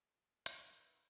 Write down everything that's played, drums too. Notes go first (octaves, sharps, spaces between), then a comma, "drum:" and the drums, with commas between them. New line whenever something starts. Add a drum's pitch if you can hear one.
D#4 A#4 B4 E5 F#5 F6, drum: hi-hat